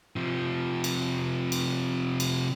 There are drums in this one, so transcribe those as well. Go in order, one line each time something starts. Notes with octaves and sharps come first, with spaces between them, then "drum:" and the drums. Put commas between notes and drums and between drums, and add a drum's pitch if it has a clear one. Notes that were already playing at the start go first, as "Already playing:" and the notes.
C3 F3
drum: cymbal
drum: cymbal
drum: cymbal